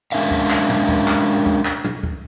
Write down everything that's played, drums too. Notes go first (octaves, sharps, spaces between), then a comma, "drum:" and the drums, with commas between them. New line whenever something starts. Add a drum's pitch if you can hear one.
G#3 C#4 D4 A#4 E5 F5
drum: kick
drum: clap
drum: tom
drum: kick
drum: clap
drum: kick
drum: clap
drum: tom
drum: kick